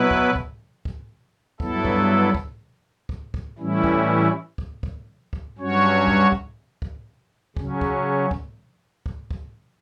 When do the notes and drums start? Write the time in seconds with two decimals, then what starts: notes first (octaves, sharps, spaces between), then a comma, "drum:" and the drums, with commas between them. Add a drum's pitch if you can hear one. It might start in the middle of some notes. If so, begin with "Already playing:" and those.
Already playing: B2 F#3 B3 E4 B4
0.11 drum: kick
0.36 drum: kick
0.85 drum: kick
1.60 G2 F#3 B3 E4 A4, drum: kick
1.85 drum: kick
2.35 drum: kick
3.09 drum: kick
3.34 drum: kick
3.59 A2 E3 G3 C#4 E4
3.84 drum: kick
4.58 drum: kick
4.83 drum: kick
5.33 drum: kick
5.58 G2 F#3 C#4 F#4 C#5
6.07 drum: kick
6.32 drum: kick
6.82 drum: kick
7.57 C#3 F#3 C#4, drum: kick
7.81 drum: kick
8.31 drum: kick
9.06 drum: kick
9.31 drum: kick